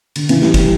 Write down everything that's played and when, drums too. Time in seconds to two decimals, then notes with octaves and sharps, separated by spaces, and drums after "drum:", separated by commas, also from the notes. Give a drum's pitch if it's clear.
0.16 D3, drum: cymbal
0.29 C#3 E3, drum: cymbal
0.42 E3 G3, drum: snare
0.54 E3 G3, drum: kick, cymbal